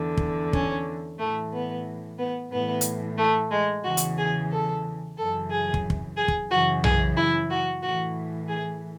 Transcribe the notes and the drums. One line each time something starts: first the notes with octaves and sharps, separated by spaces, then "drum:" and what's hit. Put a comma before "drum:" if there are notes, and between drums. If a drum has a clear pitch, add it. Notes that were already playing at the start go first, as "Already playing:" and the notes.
Already playing: E2 D3
drum: kick
C#4, drum: kick
A2 E3 A3
B3
B3
A2 E3 B3
drum: hi-hat
A3
G#3
E2 C#3 E3 F#4
drum: hi-hat
G#4
A4
F#2 C#3 E3 A4
G#4
drum: kick
drum: kick
G#4
drum: kick
F#2 C#3 E3 F#4
G#4, drum: tom B1
E4
F#4
A2 E3 F#4
G#4